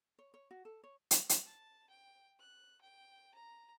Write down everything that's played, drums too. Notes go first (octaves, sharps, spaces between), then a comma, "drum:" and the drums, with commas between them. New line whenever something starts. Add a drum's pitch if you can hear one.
C#5
C#5
F#4
A4
C#5
drum: hi-hat
drum: hi-hat
A5
G5
F#6
G5
A#5